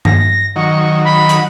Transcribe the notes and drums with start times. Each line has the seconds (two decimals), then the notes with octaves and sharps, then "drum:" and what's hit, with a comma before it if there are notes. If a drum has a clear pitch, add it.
0.05 A#6, drum: tom G2
0.56 D#3 F#3 C#6
1.05 B5
1.29 drum: hi-hat